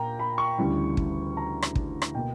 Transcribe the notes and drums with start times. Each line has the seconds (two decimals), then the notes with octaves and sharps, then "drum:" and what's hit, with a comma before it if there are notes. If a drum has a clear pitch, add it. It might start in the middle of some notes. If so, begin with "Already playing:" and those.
Already playing: A#2 A#3 G5 A#5
0.19 B5
0.38 C#6
0.58 D2 C#3 E3 G3
0.97 drum: kick
1.37 A#5
1.62 drum: rim click
1.76 drum: kick
2.02 drum: rim click
2.15 B2 A#3 G5